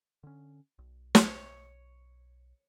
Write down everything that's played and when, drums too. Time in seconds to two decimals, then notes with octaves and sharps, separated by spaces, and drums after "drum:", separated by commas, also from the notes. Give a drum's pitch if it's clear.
0.23 D3 C#4
0.79 B1
1.15 C#5, drum: snare